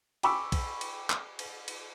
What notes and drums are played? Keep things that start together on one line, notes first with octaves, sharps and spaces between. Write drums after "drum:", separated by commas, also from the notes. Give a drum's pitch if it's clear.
G5 G#5 B5 C#6 D6 E6, drum: cymbal
drum: kick B1, cymbal
drum: cymbal
drum: clap
drum: cymbal
drum: cymbal